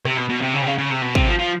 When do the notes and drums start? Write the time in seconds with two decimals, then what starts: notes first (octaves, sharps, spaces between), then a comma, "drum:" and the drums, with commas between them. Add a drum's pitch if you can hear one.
0.05 C3, drum: rim click
0.17 B2
0.29 B2
0.41 C3
0.54 C#3
0.62 C3
0.66 C#3
0.78 C#3
0.90 C3
1.02 B2
1.15 C3, drum: kick
1.27 F3
1.39 F3